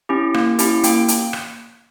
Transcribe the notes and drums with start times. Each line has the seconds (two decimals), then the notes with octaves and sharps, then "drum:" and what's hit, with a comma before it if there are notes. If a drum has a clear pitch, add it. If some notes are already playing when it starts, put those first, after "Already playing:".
0.09 C#4 E4 G4
0.34 A#3, drum: rim click
0.59 C#4 E4 G4, drum: hi-hat
0.83 A#3 G5, drum: hi-hat
1.08 drum: hi-hat
1.33 drum: rim click